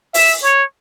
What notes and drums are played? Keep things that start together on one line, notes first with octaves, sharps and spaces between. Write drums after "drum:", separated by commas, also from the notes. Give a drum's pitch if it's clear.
E5, drum: open hi-hat
C#5